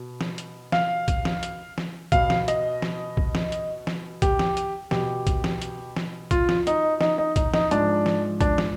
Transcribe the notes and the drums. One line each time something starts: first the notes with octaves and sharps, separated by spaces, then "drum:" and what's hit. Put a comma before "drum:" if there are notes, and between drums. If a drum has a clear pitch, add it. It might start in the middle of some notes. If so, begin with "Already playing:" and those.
Already playing: B2
drum: snare
drum: hi-hat
F5, drum: snare
drum: kick B1, hi-hat
drum: snare
drum: hi-hat
drum: snare
B2 F5, drum: kick B1, hi-hat
drum: snare
D#5, drum: hi-hat
drum: snare
drum: kick B1
drum: snare
drum: hi-hat
drum: snare
G4, drum: kick B1, hi-hat
drum: snare
drum: hi-hat
B2 G4, drum: snare
drum: kick B1, hi-hat
drum: snare
drum: hi-hat
drum: snare
F4, drum: kick B1, hi-hat
drum: snare
D#4, drum: hi-hat
D#4, drum: snare
D#4
D#4, drum: kick B1, hi-hat
D#4, drum: snare
G#2 F3 D4, drum: hi-hat
drum: snare
D4, drum: kick B1, hi-hat
drum: snare